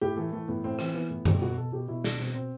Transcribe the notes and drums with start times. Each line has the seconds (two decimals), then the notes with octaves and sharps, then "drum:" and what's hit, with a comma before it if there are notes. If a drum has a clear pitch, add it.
0.01 A2 G4
0.16 E3 A3
0.32 E3 A3
0.48 A2 B3
0.64 A2 C4
0.79 E3 C4, drum: rim click
0.94 E3 B3
1.10 A2
1.25 B2 G3, drum: tom F#2
1.42 B2 F#4
1.57 B2 A4
1.72 B2 G4
1.88 B2 E4
2.04 B2 D4, drum: snare
2.19 B2 C4
2.35 B2 C4